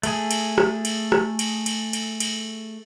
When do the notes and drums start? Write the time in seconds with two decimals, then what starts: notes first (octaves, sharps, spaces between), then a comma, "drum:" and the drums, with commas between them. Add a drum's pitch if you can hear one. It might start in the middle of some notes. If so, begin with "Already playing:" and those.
0.03 A3 G#4, drum: cymbal
0.31 drum: cymbal
0.58 drum: rim click
0.85 drum: cymbal
1.12 drum: rim click
1.39 drum: cymbal
1.66 drum: cymbal
1.93 drum: cymbal
2.20 drum: cymbal